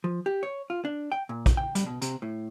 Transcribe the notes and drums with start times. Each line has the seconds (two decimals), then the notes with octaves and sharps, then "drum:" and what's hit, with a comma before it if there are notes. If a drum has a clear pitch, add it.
0.04 F3
0.26 G4
0.43 C#5
0.70 F4
0.85 D4
1.12 G5
1.29 A#2
1.46 drum: kick A#1, hi-hat
1.57 G5
1.75 G3, drum: hi-hat
1.86 B2
2.01 C3, drum: hi-hat
2.22 A2